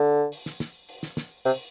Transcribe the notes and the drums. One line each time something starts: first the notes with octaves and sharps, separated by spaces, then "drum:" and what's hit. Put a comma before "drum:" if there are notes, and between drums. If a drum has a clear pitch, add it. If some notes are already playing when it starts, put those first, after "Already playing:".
Already playing: D3
drum: open hi-hat
drum: snare
drum: snare
drum: open hi-hat
drum: snare
drum: snare
C3, drum: open hi-hat